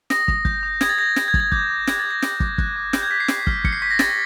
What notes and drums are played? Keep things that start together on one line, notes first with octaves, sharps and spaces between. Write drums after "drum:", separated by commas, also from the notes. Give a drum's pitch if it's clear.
D#6 A#6, drum: snare
D#6, drum: kick
G6, drum: kick
D#6
D#6 G#6, drum: snare
A6
G6 A#6
D#6, drum: snare
G#6
G6 A6, drum: kick
G#6
D6 G6, drum: kick
D6
F#6 G#6, drum: snare
A6
D6
A#6
D6 A6, drum: snare
D6, drum: kick
F#6, drum: kick
D6
F6 G6, drum: snare
G#6
F6 B6
C7
C#6, drum: snare
F6, drum: kick
F6 C#7, drum: kick
C7
C#6 B6
A#6
C#6 A6, drum: snare